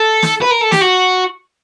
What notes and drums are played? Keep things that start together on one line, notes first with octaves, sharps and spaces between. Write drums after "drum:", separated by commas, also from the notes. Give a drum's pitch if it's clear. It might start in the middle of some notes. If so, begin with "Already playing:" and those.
Already playing: A4
drum: snare
B4
A#4
A4
G4, drum: snare
F#4